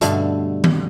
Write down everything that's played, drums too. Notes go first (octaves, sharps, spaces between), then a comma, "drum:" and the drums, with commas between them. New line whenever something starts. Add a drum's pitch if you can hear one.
G2 B2 D3 A3, drum: hi-hat
drum: tom D#3